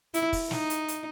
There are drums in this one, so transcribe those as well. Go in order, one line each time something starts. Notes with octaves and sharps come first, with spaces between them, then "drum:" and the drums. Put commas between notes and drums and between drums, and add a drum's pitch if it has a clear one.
E4, drum: hi-hat
drum: kick, open hi-hat
D#4, drum: snare
drum: hi-hat
drum: hi-hat